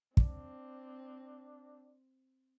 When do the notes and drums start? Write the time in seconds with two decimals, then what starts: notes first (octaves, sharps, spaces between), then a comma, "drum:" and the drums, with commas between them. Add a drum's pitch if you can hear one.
0.17 C4 D4, drum: kick